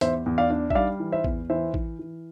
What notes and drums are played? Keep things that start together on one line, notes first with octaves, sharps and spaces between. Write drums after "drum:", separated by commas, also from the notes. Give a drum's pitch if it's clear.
E2 C5 E5, drum: hi-hat
E2
D5 F5
D4
E5, drum: kick A1
G3 D5 F5
E3
C5 E5
E2, drum: kick A1
E3 C5 E5
E3, drum: kick A1
E3